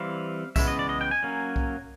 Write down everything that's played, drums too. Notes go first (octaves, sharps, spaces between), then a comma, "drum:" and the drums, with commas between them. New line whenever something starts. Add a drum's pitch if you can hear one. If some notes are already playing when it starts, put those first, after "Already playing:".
Already playing: E3 G3 C4 F5
C#3 E3 G#3 B3 E5, drum: kick B1, tambourine
D#5
D5
D#5
G5
G#5
F#3 A#3 C#4
drum: kick B1